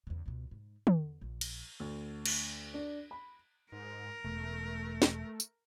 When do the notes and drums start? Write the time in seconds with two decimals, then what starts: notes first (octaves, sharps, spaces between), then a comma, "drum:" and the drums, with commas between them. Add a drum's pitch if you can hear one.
0.07 E2 C#3
0.26 C#2 B2
0.51 G#2
0.87 E2, drum: tom
1.21 A#1 F3
1.41 drum: cymbal
1.80 D2
2.26 drum: cymbal
2.74 D4
3.11 B5
3.72 G#2 A#4
4.24 E1 A3
5.02 drum: snare
5.40 drum: tambourine